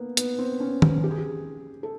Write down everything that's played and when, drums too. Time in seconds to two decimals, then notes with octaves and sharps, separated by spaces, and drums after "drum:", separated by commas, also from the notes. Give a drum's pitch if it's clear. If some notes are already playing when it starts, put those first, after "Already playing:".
Already playing: A#3 B3
0.17 B3, drum: hi-hat
0.39 C4
0.60 C#4
0.82 C#4, drum: tom D#3
1.04 G4
1.11 G#4
1.18 G4
1.83 A4